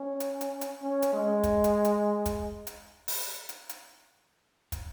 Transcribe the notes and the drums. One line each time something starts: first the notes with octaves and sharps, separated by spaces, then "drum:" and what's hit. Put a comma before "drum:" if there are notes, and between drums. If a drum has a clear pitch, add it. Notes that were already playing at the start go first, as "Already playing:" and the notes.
Already playing: C#4
drum: hi-hat
drum: hi-hat
drum: hi-hat
C#4
drum: hi-hat
G#3
drum: kick, hi-hat
drum: hi-hat
drum: hi-hat
drum: kick, hi-hat
drum: hi-hat
drum: open hi-hat
drum: hi-hat
drum: hi-hat
drum: kick, hi-hat